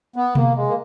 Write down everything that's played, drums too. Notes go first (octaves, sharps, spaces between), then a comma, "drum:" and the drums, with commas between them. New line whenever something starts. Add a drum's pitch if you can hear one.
B3
A#3, drum: tom B2
G#3
A#3